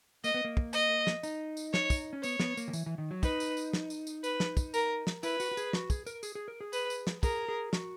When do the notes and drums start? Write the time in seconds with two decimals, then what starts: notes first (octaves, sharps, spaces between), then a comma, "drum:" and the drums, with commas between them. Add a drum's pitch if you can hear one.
0.24 A#3 D#5, drum: tambourine
0.34 B3
0.45 A#3
0.57 drum: kick
0.73 D#5, drum: tambourine
1.07 drum: snare
1.23 D#4, drum: tambourine
1.57 drum: tambourine
1.74 C#5, drum: snare
1.90 drum: kick, tambourine
2.13 C#4
2.23 B3 C#5, drum: tambourine
2.40 B3, drum: snare
2.57 A#3, drum: tambourine
2.68 D#3
2.73 E3, drum: tambourine
2.86 E3
2.98 D#3
3.11 F#3
3.23 D#4 B4, drum: kick, tambourine
3.40 drum: tambourine
3.57 drum: tambourine
3.73 drum: snare
3.90 drum: tambourine
4.07 drum: tambourine
4.24 B4, drum: tambourine
4.40 drum: snare
4.57 drum: kick, tambourine
4.74 A#4, drum: tambourine
5.07 drum: snare
5.23 E4 B4, drum: tambourine
5.40 F#4, drum: tambourine
5.51 F#4
5.57 G#4, drum: tambourine
5.73 F#4, drum: snare
5.90 G#4, drum: kick, tambourine
6.07 A#4, drum: tambourine
6.23 G#4, drum: tambourine
6.35 G#4
6.48 A#4
6.61 G#4
6.73 B4, drum: tambourine
6.90 drum: tambourine
7.07 drum: snare
7.23 G#4 A#4, drum: kick, tambourine
7.49 G#4
7.73 F#4, drum: snare